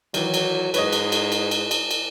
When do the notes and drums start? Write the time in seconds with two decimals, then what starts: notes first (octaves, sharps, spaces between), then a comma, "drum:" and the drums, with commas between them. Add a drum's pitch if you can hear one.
0.14 D#3 E3 F#3, drum: cymbal
0.34 drum: cymbal
0.74 G#2 B4 C#5 D#5, drum: cymbal
0.93 drum: cymbal
1.12 drum: cymbal
1.32 drum: cymbal
1.51 drum: cymbal
1.71 drum: cymbal
1.91 drum: cymbal